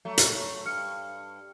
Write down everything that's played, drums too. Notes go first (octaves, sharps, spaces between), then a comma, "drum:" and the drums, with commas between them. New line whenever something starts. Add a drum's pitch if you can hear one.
F#3 A3
drum: hi-hat
G2 F6 C#7